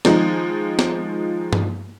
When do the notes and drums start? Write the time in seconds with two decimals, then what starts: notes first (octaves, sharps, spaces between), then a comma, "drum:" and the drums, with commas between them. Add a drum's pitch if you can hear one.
0.05 D#3 F3 G#3 D#4, drum: snare
0.79 drum: snare
1.53 drum: tom G2